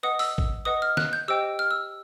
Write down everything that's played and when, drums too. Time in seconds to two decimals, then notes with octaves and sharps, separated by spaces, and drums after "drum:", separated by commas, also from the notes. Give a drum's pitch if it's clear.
0.03 B4 D#5 F#5 D#6
0.19 E6, drum: open hi-hat
0.38 drum: kick
0.65 B4 D#5 F#5 D#6
0.82 F6
0.97 F#6, drum: snare
1.13 G6
1.28 G4 C5 D#5 G5 E6
1.59 F6
1.71 E6